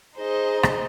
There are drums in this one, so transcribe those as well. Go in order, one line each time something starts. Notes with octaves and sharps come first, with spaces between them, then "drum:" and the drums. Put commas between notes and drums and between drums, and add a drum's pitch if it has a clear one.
D#4 G#4 C5 D#5
drum: rim click